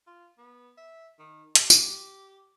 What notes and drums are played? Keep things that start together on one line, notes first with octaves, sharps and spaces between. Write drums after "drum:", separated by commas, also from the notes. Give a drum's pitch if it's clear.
F4
B3
E5
D#3
G4, drum: hi-hat
drum: tambourine